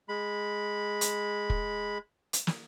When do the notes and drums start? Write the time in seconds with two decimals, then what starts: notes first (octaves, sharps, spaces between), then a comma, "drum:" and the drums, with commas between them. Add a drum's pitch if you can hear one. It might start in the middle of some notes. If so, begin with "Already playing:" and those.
0.09 G#3 B5
1.01 drum: hi-hat
1.50 drum: kick
2.33 drum: hi-hat
2.47 drum: snare